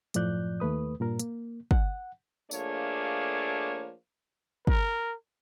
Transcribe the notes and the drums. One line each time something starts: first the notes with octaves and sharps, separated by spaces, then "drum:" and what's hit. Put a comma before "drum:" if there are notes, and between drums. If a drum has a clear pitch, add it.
F#2 A2 F3 D5 F#6 G6, drum: hi-hat
D#2 A3 B4 D#6
G2 A#2 A#4
A#3, drum: hi-hat
F#5, drum: kick
F3 A3 A#3 D4 G#4 C#5, drum: tambourine
A#4, drum: kick